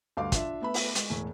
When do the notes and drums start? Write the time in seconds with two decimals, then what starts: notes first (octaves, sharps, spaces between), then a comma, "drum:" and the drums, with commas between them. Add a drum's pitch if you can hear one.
0.17 D2 G2 F5 C6 D6
0.32 D4 F4 E5, drum: kick, hi-hat
0.62 A3 B3 E5 B5
0.74 drum: open hi-hat
0.95 G#3, drum: hi-hat
1.10 E1 A2 G#5